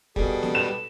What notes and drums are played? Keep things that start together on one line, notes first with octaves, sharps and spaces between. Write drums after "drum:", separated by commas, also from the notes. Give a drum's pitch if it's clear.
B2 G3 G#4 A4, drum: kick
drum: snare
B4 E7